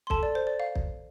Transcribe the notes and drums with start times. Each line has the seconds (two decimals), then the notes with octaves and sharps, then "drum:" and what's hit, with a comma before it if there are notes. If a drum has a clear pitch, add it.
0.07 C6
0.10 A4 A5, drum: kick
0.23 D5
0.35 C5
0.47 D5
0.60 F5
0.75 drum: kick